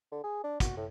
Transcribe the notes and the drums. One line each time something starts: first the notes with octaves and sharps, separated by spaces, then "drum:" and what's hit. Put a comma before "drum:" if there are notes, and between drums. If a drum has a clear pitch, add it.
D3
G#4
D4
F#4, drum: kick, hi-hat
A2